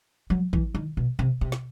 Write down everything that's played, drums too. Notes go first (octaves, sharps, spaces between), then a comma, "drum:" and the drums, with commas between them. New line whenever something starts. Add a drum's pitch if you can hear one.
F#3
E3, drum: kick
D#3
B2
C3
C3
drum: snare